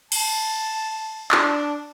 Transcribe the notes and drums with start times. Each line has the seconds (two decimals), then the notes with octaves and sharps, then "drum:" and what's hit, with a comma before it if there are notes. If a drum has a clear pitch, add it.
0.12 A5, drum: cymbal
1.31 D4, drum: clap